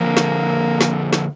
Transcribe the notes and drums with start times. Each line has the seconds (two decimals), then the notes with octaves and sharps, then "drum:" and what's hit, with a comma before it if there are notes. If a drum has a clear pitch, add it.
0.01 F2 D3 A#3
0.17 drum: snare
0.81 drum: snare
1.13 drum: snare